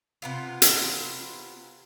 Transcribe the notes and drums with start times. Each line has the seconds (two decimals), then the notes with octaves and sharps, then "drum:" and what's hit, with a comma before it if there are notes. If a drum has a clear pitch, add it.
0.22 C3 B3 F4
0.62 drum: hi-hat